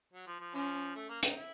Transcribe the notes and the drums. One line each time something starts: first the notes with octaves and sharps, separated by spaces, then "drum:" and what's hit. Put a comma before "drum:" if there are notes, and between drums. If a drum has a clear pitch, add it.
F#3
F3
F3
F3 C#4
A3
A#3
D#4, drum: hi-hat
E4